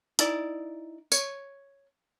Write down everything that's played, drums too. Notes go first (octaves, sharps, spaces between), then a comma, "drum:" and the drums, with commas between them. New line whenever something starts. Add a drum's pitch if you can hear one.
D#4 E4 D5, drum: hi-hat
C#5, drum: tambourine